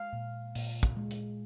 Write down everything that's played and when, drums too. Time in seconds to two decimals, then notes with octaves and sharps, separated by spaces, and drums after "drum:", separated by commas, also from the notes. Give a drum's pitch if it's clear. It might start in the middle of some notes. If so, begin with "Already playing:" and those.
Already playing: G#3 F5
0.13 A#2
0.55 A#2, drum: open hi-hat
0.83 drum: kick, hi-hat
0.96 G#3
1.11 drum: hi-hat